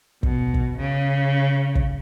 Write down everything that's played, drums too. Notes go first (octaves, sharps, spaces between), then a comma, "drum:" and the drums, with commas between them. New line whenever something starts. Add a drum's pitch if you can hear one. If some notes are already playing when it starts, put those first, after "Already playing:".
B2, drum: kick
drum: kick
C#3
drum: kick